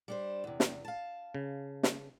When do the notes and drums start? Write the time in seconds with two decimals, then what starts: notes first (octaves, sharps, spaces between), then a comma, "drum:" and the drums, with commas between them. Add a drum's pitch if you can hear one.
0.08 G3 D4 C5
0.44 E2 C3
0.60 drum: snare
0.85 F5 A5
1.34 C#3
1.83 drum: snare